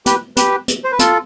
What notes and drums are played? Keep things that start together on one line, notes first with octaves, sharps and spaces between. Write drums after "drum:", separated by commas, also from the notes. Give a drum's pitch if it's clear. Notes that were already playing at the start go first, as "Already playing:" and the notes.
G4 B4, drum: hi-hat
G4 B4, drum: hi-hat
drum: hi-hat
C5
B4
F4 A4, drum: hi-hat